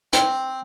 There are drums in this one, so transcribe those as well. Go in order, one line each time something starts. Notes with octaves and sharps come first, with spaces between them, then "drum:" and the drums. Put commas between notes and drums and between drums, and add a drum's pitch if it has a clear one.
C4, drum: hi-hat